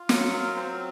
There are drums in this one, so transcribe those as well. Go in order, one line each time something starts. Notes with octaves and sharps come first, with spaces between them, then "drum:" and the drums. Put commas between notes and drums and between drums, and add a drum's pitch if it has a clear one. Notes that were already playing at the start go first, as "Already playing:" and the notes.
Already playing: F4
F#3 F#5, drum: snare
A#4
C4 C5